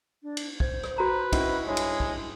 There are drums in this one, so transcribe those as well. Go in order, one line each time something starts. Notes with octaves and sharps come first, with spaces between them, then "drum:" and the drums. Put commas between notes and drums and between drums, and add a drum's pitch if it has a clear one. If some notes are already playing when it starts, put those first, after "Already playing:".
D4
drum: cymbal
C5 G#6, drum: kick
drum: rim click
F#4 B4 A#5
C#4 D#4 E4 F#4, drum: kick, cymbal
G2 G#3 E4 C#5
drum: cymbal
drum: kick